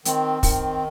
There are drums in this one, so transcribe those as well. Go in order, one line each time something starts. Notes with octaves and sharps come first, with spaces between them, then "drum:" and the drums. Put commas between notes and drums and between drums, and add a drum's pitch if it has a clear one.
D#3 C4, drum: hi-hat
D#3, drum: kick, open hi-hat